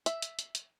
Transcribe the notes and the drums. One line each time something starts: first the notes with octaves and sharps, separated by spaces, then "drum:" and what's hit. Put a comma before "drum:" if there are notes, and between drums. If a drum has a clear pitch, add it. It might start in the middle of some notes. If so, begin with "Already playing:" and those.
E5, drum: hi-hat
drum: hi-hat
drum: hi-hat
drum: hi-hat